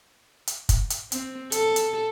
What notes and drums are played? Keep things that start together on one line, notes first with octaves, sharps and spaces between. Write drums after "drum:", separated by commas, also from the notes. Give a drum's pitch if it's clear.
drum: hi-hat
drum: kick, hi-hat
drum: hi-hat
C4, drum: hi-hat
A4, drum: hi-hat
drum: hi-hat